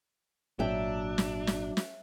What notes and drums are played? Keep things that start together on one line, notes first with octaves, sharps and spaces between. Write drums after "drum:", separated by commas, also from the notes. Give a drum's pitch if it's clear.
G#1 A#2 F#3 D4 E5 G5
drum: snare
drum: snare
drum: snare